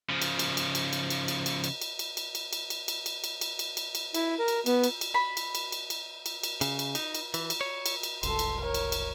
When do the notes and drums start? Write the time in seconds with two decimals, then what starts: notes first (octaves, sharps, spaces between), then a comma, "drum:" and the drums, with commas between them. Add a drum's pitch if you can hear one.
0.10 C#3 F3
0.22 drum: cymbal
0.39 drum: cymbal
0.57 drum: cymbal
0.75 drum: cymbal
0.93 drum: cymbal
1.10 drum: cymbal
1.28 drum: cymbal
1.46 drum: cymbal
1.64 drum: cymbal
1.81 drum: cymbal
1.99 drum: cymbal
2.17 drum: cymbal
2.35 drum: cymbal
2.53 drum: cymbal
2.70 drum: cymbal
2.88 drum: cymbal
3.06 drum: cymbal
3.24 drum: cymbal
3.41 drum: cymbal
3.59 drum: cymbal
3.77 drum: cymbal
3.95 drum: cymbal
4.14 E4, drum: cymbal
4.39 A#4
4.48 drum: cymbal
4.66 B3, drum: cymbal
4.84 drum: cymbal
5.01 drum: cymbal
5.14 B5
5.37 drum: cymbal
5.55 drum: cymbal
5.72 drum: cymbal
5.90 drum: cymbal
6.26 drum: cymbal
6.43 drum: cymbal
6.61 C#3, drum: cymbal
6.79 drum: cymbal
6.95 D#4, drum: cymbal
7.15 drum: cymbal
7.34 E3, drum: cymbal
7.50 drum: cymbal
7.61 C#5
7.86 drum: cymbal
8.03 drum: cymbal
8.23 F#1 C2 A4 C6, drum: cymbal
8.39 drum: cymbal
8.61 A#4 C#5
8.74 drum: cymbal
8.92 drum: cymbal